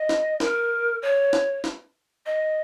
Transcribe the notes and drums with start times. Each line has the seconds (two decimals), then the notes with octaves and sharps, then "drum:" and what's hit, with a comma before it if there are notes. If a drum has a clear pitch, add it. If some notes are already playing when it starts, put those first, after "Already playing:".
Already playing: D#5
0.09 drum: snare
0.40 A#4, drum: snare
1.02 C#5
1.33 drum: snare
1.64 drum: snare
2.26 D#5